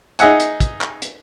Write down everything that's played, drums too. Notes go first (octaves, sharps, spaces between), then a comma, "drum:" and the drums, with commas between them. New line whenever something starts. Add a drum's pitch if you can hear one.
D#4 G#4 D#5 E5 F#5 G#5, drum: hi-hat
drum: hi-hat
drum: kick, hi-hat
drum: clap
drum: hi-hat